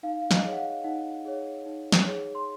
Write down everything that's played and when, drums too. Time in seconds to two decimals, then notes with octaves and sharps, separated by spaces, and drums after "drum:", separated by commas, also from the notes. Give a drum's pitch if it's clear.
0.03 D#4 F5
0.22 F5
0.31 D#5, drum: snare
0.44 G#4 C#5
0.53 F#5
0.57 F5
0.84 D#4 F#5
1.25 G#4 C#5
1.66 D#4
1.92 drum: snare
2.06 G#4 C#5
2.35 C6